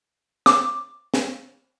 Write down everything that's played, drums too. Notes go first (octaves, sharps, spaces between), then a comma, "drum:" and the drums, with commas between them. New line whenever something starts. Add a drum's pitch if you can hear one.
D6, drum: snare
drum: snare